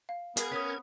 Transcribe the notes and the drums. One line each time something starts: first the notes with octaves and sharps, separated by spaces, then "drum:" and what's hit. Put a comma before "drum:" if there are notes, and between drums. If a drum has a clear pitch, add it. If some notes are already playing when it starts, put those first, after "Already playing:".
F5
B3 G#4 A#4 G#6, drum: hi-hat
C#4 D#6 B6